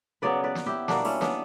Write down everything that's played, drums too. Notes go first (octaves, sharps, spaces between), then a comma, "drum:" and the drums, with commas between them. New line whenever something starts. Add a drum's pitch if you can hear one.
C#3 F#3 B3 B4 D5
B4 D5
drum: snare
E4 G4
B2 G3 A#3 D4 F#4, drum: snare
C#4 E4, drum: open hi-hat
B3 D4, drum: snare